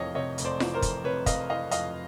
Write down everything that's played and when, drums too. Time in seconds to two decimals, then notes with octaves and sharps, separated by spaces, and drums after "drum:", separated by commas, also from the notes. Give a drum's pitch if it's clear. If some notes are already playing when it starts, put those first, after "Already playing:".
Already playing: F1 F2 C3 E3 C#5 D#5 F5
0.15 C3 C#5 D#5
0.38 F1, drum: hi-hat
0.45 C5 D5
0.60 E3, drum: snare F4
0.74 A#4 C5
0.82 F2, drum: kick, hi-hat
1.04 C3 B4 C#5
1.26 F1 D#5 F5, drum: kick, hi-hat
1.49 E3 D#5 F5
1.71 F2 D#5 F5, drum: hi-hat